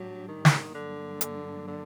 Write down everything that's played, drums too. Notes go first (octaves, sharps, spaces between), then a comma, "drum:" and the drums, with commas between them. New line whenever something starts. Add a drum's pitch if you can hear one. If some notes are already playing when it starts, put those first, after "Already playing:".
Already playing: A2 F#3 G3 D4 G4
D#3
drum: snare
G2 D3 F#3 A#3 D4
D3, drum: hi-hat
D3